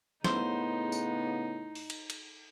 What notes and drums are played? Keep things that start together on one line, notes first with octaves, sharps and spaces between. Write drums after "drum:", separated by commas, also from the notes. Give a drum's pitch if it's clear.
A2 C#3 B3 D#4 C5, drum: snare
drum: tambourine
drum: open hi-hat
drum: cymbal
drum: cymbal